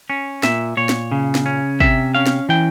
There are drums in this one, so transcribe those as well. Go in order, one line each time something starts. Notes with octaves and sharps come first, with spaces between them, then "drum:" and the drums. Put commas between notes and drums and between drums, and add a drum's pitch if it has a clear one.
C#4
A#2 E5, drum: snare
A#2 C#5
drum: snare
C#3
drum: snare
C#4
C3 E5, drum: kick
C#4 F5
drum: snare
E3 G5